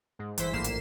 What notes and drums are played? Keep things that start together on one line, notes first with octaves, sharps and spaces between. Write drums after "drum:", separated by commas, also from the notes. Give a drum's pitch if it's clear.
G#2
G1 E3 E4 C5 B6, drum: hi-hat
A#1 A2 A#3 C7 E7
drum: hi-hat